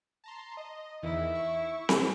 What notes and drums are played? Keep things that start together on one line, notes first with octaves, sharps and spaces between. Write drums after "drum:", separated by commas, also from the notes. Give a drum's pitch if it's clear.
A5 A#5 C6
D#5
E2 D#3 E3 E4
C#6
drum: snare C4